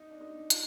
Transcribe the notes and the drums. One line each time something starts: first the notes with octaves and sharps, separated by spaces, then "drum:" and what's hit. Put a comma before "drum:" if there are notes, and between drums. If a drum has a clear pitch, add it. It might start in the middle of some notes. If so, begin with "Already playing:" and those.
Already playing: D#4
D4
D#4
F4, drum: hi-hat